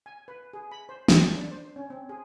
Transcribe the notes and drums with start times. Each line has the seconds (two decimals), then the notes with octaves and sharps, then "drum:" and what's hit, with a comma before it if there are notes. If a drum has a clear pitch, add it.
0.06 G#5
0.28 B4
0.53 G#4
0.72 B5
0.89 C5
1.08 C#4, drum: snare
1.23 A5
1.35 D4
1.51 C5
1.76 C#4
1.90 C4
2.09 G#4